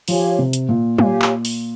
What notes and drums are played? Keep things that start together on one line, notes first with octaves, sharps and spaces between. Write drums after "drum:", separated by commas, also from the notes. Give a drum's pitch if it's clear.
F3 G4 C#5 F5 G#5, drum: open hi-hat
C3
drum: hi-hat
A#2
A#2 G4 C#5 F5 G#5, drum: tom
drum: clap
drum: open hi-hat